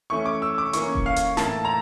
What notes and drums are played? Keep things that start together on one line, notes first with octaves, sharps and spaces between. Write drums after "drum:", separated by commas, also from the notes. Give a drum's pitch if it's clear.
E3 A3 C#4 C#6
D6
E6
D6
E3 A#3 C#4 C#6, drum: hi-hat
drum: kick D#1
F5
drum: hi-hat
A2 E3 A#3 A5, drum: snare
A#5